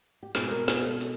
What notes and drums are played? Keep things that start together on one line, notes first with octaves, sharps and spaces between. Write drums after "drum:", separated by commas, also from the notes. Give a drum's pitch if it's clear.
G4
B2 G#3 C4 G#4, drum: snare
A#4
G#4, drum: snare
A4
drum: hi-hat